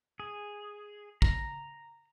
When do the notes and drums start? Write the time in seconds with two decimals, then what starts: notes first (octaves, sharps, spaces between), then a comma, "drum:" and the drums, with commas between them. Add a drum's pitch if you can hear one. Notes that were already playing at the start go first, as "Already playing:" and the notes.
0.20 G#4
1.22 A#5, drum: kick